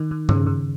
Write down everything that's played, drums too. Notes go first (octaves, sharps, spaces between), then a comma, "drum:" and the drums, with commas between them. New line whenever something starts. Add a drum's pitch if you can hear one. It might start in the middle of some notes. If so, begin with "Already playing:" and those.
Already playing: D#3
D#3
C#3, drum: tom G2
C#3